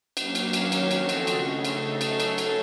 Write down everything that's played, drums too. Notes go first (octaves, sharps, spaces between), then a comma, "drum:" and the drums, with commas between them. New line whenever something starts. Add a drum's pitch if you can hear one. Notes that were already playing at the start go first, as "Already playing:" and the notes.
F#3 A#3 C#4, drum: cymbal
drum: cymbal
D#3 F#3 A#3 C#4, drum: cymbal
drum: cymbal
F3 C4 F#4 A4 D#5, drum: cymbal
drum: cymbal
C#3 A3 C#4, drum: cymbal
A3 D#4 A4 D#5, drum: cymbal
F#3 A3 C#4 A4, drum: cymbal
drum: cymbal
drum: cymbal